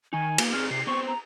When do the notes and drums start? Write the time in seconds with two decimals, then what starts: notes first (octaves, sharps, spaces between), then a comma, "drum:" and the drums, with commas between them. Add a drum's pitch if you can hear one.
0.13 D#3 D#4 G#5
0.38 A#3 B3, drum: cymbal
0.52 C4 G#4 F6
0.71 C3 C7
0.87 B3 C4 C5 C#6
1.07 A#5